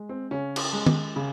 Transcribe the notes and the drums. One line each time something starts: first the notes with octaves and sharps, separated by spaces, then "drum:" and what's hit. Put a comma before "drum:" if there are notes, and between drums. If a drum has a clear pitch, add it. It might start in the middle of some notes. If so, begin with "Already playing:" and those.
Already playing: G#3
C4
C#3 C#4
drum: cymbal
G#3
drum: tom D#3
C#3